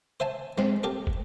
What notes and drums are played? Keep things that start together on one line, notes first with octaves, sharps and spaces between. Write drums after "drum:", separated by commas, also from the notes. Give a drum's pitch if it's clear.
C5 E5 G#5 A5
G#3 C4, drum: snare
G4 A4 A#4
drum: kick